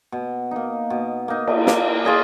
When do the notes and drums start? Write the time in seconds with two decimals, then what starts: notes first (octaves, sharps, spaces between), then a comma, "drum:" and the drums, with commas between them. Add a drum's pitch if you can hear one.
0.12 B2
0.51 A#3 D#4
0.90 B2
1.28 A#3 D#4
1.47 drum: cymbal
1.67 A#3, drum: snare
2.05 F4 G#4 D#5